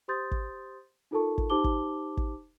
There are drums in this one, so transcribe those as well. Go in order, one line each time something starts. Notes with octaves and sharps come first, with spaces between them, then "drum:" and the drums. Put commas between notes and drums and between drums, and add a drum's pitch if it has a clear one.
G4 C5 C6 D#6 G6 A6
drum: kick
D#4 F4 A4 A#4 A5 C#6
drum: kick
D#4 G4 C5 A5 D6 G7
drum: kick
drum: kick